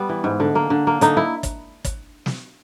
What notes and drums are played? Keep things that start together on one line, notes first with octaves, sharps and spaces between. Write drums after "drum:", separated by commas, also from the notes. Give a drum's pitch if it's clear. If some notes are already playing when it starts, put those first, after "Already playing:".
Already playing: G3 B3
E3
G#2
D3
A#3
D3
A#3
D3 D#4, drum: hi-hat
E4
drum: kick, hi-hat
drum: kick, hi-hat
drum: snare